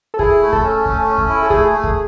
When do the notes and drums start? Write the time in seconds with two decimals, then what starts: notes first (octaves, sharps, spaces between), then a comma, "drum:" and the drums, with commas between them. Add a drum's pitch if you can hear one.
0.14 A4
0.19 E4 G#4, drum: kick
0.42 A3
0.53 A4, drum: kick
0.63 C#4
0.86 A3, drum: kick
1.07 C#4
1.18 drum: kick
1.29 E4
1.43 A4
1.50 A3 G#4, drum: kick
1.72 A3
1.84 drum: kick